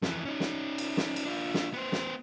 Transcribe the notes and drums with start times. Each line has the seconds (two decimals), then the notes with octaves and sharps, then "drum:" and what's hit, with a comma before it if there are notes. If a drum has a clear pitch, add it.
0.02 F2 E3, drum: snare
0.25 C#4 D#4
0.40 drum: snare
0.78 drum: cymbal
0.97 drum: snare
1.16 drum: cymbal
1.25 D4 F4
1.54 drum: snare
1.74 B3 C5
1.92 drum: snare